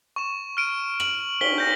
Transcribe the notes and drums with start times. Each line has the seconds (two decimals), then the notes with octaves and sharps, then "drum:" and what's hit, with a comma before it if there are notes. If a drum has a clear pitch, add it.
0.16 C#6 E7
0.57 F6 D7 D#7
1.00 F#7, drum: rim click
1.41 B6 G7, drum: cymbal
1.58 G6 A#6